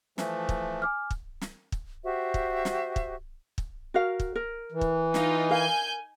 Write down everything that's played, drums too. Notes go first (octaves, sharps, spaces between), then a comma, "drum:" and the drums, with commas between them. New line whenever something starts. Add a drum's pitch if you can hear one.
E3 F3 A3, drum: snare
drum: kick
G#5 D6 F6
drum: kick
drum: snare
drum: kick
F#4 G4 C5 E5
drum: kick
drum: snare
drum: kick
drum: kick
F#4 A#4 F5
drum: kick
A#4
E3
drum: kick
D#4 F4 D#5, drum: snare
A#4 F5 G#5 G6